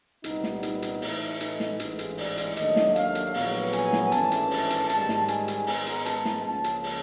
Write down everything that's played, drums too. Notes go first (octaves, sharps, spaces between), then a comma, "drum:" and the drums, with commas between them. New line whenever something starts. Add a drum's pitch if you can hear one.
C2 A#2 G3 B3 D#4, drum: hi-hat
drum: snare
D#4, drum: hi-hat
drum: hi-hat
A2 E3 A3, drum: open hi-hat
D#4, drum: hi-hat
drum: snare
A1 G#2 E3 G#3, drum: hi-hat
drum: hi-hat
D5, drum: open hi-hat
drum: hi-hat
D#2 D#3 F#3 A3 D4 D#5, drum: hi-hat
drum: snare
F5, drum: hi-hat
drum: hi-hat
A#1 A2 F#3 B3, drum: open hi-hat
G#5, drum: hi-hat
drum: snare
G#1 G2 E3 A3 C#4 A5, drum: hi-hat
drum: hi-hat
drum: open hi-hat
drum: hi-hat
G#2 D#3 G3 A5, drum: hi-hat
drum: snare
G#5, drum: hi-hat
drum: hi-hat
G#2 D#3 G#3 B3 A#5, drum: open hi-hat
drum: hi-hat
A5, drum: hi-hat
drum: snare
C#2 C#3 F3 A#3 C#4 A5
drum: hi-hat
drum: open hi-hat